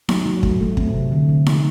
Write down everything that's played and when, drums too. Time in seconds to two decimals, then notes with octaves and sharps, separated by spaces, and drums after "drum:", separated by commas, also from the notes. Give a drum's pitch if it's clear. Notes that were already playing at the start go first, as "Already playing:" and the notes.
0.09 F#3, drum: snare D#4
0.26 F#3
0.43 A3, drum: kick
0.61 A3
0.77 C4, drum: kick
0.94 C3
1.12 D3
1.29 D3
1.46 F3, drum: snare D#4